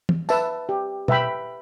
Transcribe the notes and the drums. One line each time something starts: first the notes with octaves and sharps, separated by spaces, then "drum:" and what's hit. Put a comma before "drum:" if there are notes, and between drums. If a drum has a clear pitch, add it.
drum: tom
B4 E5 A5, drum: tambourine
G4
B4 E5 G5 B5, drum: tom B2